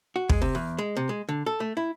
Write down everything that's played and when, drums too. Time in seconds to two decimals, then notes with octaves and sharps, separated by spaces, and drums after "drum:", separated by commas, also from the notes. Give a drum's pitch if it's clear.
0.16 F#4
0.29 G#3, drum: kick
0.42 C3
0.55 E2
0.78 G#3
0.97 C3
1.09 G#3
1.29 D3
1.46 A4
1.60 A3
1.77 E4